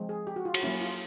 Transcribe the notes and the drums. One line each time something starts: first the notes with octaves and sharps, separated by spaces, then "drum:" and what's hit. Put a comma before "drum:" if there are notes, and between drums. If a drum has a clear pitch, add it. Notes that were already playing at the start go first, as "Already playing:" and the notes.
Already playing: F3 G#3 C4
G#4
G4
F#4
F4
F#4, drum: cymbal
F#3 A#3 C#4 E4
F4